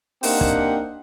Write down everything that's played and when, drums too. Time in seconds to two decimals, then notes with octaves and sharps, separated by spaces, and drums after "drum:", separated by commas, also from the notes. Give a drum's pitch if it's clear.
0.23 A#3 C4 D4 D#4 G4 F#5, drum: open hi-hat
0.41 drum: kick